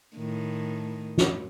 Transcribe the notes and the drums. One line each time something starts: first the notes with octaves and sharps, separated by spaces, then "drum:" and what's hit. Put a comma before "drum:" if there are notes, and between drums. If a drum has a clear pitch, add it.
A2 D#3
drum: snare